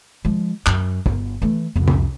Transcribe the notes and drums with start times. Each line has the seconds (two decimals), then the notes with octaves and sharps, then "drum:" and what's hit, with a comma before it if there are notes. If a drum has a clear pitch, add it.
0.25 F3 G#3
0.66 F#2, drum: clap
1.06 G1, drum: kick
1.42 E3 A3
1.76 C2 F2
1.88 drum: tom